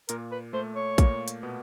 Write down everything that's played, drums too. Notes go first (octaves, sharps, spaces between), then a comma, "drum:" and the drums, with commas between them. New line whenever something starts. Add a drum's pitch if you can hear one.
A#2 A#3 A#4, drum: hi-hat
B4
A3 C5
C#5
A#2 A#3, drum: kick, hi-hat
drum: hi-hat
B2 B3